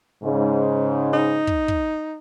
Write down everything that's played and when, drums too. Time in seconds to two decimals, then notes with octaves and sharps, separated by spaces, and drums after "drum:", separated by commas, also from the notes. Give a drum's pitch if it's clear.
0.23 G#2 C#3
1.14 D#4
1.47 drum: kick
1.68 drum: kick